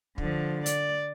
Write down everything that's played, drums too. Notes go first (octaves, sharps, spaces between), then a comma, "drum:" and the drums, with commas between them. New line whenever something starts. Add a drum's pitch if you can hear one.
D3 F3, drum: kick
D5, drum: hi-hat